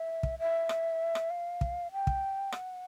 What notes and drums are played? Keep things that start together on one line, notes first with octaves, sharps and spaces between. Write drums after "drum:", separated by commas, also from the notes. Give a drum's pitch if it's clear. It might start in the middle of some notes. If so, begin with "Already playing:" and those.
Already playing: E5
drum: kick
E5
drum: rim click
drum: rim click
F5
drum: kick
G5
drum: kick
F#5, drum: rim click